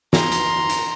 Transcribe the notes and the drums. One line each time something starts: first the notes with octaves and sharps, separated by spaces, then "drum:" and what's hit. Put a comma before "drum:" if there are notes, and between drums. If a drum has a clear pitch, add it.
A#5 C6, drum: snare
drum: hi-hat
drum: hi-hat